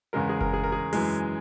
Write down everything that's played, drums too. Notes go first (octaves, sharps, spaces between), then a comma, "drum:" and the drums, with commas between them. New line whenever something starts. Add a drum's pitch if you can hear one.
E2 C#3 G#3 A#4
G#4
A#4, drum: kick F#1
G#4
A#4
G#4
F#2 E3 G#3, drum: open hi-hat